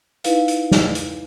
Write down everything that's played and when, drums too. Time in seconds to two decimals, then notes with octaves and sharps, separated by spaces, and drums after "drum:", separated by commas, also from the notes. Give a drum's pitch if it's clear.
0.24 D#4 E4 B4 F5, drum: hi-hat
0.48 drum: hi-hat
0.71 drum: snare
0.95 drum: hi-hat